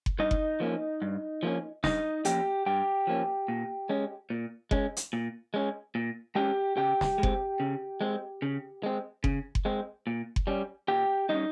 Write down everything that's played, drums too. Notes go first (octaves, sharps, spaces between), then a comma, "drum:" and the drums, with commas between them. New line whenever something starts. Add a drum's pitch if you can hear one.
drum: kick F#1
G2 D#4 D#5
drum: kick F#1
F3 A#3 C#4
G2
F3 A#3 C#4
G2 D#4 D#5, drum: snare
F3 A#3 C#4 G4 G5, drum: hi-hat
G2 G4 G5
F3 A#3 C#4
A#2
G#3 C#4
A#2
G#3 C#4, drum: kick F#1
drum: hi-hat
A#2
G#3 C#4
A#2
G#3 C#4 G4 G5
C#3 G4 G5
drum: snare
G#3
C4, drum: kick F#1
C#3
G#3 C4
C#3
G#3 C4
C#3, drum: kick F#1
drum: kick F#1
G#3 C4
A#2
drum: kick F#1
G3 C#4
A#2 G4 G5
G3 C#4 D#4 D#5